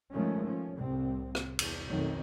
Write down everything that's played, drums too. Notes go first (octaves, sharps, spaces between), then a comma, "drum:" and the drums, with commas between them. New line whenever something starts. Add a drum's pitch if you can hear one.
D#3 F3 G#3 A3 C#4
F3 C#4
C2 A2 C4
drum: rim click
E2, drum: cymbal
B1 F2 D#3 F#3 A3